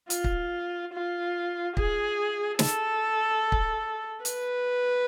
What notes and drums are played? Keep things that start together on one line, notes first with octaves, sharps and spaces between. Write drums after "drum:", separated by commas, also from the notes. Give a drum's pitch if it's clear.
F4, drum: hi-hat
drum: kick
F4
G#4, drum: kick
A4, drum: snare
drum: kick
B4, drum: hi-hat